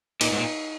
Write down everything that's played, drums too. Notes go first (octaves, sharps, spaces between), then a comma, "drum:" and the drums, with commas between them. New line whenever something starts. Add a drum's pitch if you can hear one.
A#2 D#4, drum: cymbal
G#2
A#2